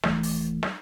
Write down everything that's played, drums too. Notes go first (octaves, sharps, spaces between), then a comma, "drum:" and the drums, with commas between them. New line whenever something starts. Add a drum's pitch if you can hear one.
D#1 E3 A3, drum: snare
drum: open hi-hat
drum: snare